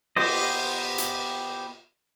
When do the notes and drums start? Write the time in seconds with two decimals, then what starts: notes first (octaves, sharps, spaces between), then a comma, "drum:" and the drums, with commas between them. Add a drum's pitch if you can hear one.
0.16 B3 G4 C5 D#5, drum: cymbal
0.98 drum: hi-hat